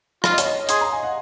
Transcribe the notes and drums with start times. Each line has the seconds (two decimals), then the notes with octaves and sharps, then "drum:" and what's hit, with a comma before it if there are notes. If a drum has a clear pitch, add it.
0.24 F4 F5, drum: rim click
0.31 D#5
0.38 C#5, drum: hi-hat
0.45 D#5
0.69 G#4 C6, drum: hi-hat
0.81 A#5
0.93 G#5
1.03 F#5